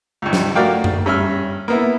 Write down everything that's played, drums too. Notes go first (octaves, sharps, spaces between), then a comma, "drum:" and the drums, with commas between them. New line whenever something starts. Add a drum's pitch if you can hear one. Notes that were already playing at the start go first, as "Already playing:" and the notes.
C#2 G2
drum: snare
A3 F#4 A#4 D5 F5 G5
drum: tom F#2
G2 C#4 E5 F6
A#3 B3 E4